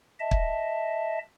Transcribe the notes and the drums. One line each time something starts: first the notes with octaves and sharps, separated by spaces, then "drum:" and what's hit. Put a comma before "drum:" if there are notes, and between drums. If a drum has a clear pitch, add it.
D#5 E5 A5
drum: kick